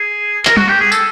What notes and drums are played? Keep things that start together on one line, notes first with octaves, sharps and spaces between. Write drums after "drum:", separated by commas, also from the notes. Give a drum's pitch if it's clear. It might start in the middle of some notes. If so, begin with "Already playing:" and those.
Already playing: G#4
A#4, drum: clap
F#4, drum: tom
G4
G#4
A4, drum: tambourine